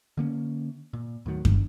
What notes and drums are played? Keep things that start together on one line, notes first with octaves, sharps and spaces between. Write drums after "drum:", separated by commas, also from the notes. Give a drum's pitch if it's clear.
D3 A#3 C#4
A#2
D#2 A2 D#3 F#3
G2 D4, drum: kick F#2